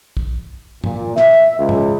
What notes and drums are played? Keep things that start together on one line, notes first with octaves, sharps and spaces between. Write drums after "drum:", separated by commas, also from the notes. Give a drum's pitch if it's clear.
drum: kick
A#2, drum: tom
E5, drum: snare
C#2
drum: tom